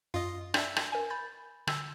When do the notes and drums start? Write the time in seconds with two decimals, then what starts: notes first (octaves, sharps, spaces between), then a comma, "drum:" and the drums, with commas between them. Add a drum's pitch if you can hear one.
0.14 F#2 F4 D#5
0.54 D4 E5, drum: rim click
0.76 drum: rim click
0.92 A#4 G#5
1.10 B5 G6 A6
1.67 D3 E6, drum: rim click